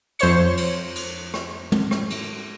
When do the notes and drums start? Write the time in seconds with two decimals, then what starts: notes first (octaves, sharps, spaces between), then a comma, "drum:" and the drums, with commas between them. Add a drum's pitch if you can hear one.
0.19 F2 C5 C#5 C#7, drum: cymbal
0.57 drum: cymbal
0.96 drum: cymbal
1.34 drum: rim click
1.72 drum: tom
1.91 drum: rim click
2.10 drum: cymbal